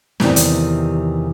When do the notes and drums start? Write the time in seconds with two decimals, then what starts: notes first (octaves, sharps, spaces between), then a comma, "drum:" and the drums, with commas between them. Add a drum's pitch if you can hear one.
0.20 E2 C3 D#3 G3 G4, drum: snare
0.36 drum: hi-hat